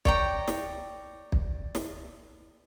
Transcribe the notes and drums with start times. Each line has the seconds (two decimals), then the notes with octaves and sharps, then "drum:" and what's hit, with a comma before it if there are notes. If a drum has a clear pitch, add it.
0.05 C#5 D5 G5 A#5, drum: kick
0.48 drum: snare
1.32 drum: kick
1.75 drum: snare